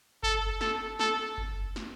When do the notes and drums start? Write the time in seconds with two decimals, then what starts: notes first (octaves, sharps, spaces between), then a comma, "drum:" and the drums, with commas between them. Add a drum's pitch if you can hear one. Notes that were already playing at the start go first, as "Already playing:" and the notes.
0.23 A4, drum: kick F#1
0.61 A4, drum: snare
0.99 A4, drum: snare
1.38 drum: kick F#1
1.76 drum: snare